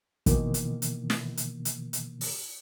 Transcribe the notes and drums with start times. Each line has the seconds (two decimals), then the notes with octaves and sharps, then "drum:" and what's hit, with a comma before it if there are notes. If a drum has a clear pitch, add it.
0.26 B2 D#3 E3 A#3, drum: kick, hi-hat
0.54 drum: hi-hat
0.82 drum: hi-hat
1.10 drum: snare
1.37 drum: hi-hat
1.65 drum: hi-hat
1.93 drum: hi-hat
2.21 drum: open hi-hat